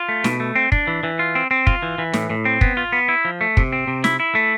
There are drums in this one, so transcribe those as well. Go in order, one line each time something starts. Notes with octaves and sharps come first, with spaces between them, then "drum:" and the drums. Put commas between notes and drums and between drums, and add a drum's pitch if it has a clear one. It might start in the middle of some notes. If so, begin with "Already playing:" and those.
Already playing: F4
A3
B2, drum: snare
A3
C4
D4, drum: kick
E3
E3
F4
C4
C4
F4, drum: kick
E3
E3
A2, drum: snare
A2
C4
B3, drum: kick
F4
B3
E4
F3
A3
C3, drum: kick
C4
C3
E4, drum: snare
E4
A3